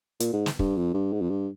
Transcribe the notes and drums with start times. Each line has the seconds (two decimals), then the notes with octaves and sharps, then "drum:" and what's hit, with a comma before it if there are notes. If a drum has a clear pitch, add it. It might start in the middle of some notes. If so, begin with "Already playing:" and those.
0.20 A#2, drum: hi-hat
0.33 G#2
0.46 drum: snare
0.59 G2, drum: kick
0.77 F2
0.94 G2
1.13 G#2
1.21 F2
1.30 G2